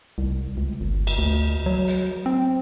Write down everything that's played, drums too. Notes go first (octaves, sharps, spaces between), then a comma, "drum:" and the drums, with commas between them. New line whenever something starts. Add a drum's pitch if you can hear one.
C2
C#2
G1
drum: cymbal
D2
F#3
drum: hi-hat
C4